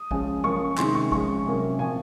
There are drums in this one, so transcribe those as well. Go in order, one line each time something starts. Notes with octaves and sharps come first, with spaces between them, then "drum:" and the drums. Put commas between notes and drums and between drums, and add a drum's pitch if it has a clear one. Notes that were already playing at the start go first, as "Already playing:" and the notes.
Already playing: D#6
F3 G#3 C#4, drum: kick G#1
F3 A#3 C#4 C#6
C3 D#3 G#3 C#4 C6, drum: clap
C#6
F3 G#3 C#4 C#6, drum: kick G#1
C3 F#3 A#3 C#4
A#2 F3 C4 G#5